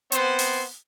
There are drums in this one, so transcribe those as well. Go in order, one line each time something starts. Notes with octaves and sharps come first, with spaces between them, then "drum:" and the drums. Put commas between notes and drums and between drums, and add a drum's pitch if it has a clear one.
B3 C4 C5, drum: hi-hat
drum: open hi-hat